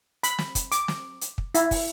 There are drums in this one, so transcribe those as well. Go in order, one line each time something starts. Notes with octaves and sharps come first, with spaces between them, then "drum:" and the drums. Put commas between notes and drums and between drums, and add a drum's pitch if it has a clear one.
B5, drum: hi-hat
drum: snare
drum: kick, hi-hat
D6, drum: hi-hat
drum: snare
drum: hi-hat
drum: kick
E4, drum: hi-hat
drum: kick, open hi-hat